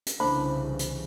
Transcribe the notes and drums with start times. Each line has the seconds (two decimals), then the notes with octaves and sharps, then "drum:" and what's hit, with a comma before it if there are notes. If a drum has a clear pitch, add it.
0.06 drum: hi-hat
0.20 C2 C#3 E3 D4 C5 B5
0.79 drum: hi-hat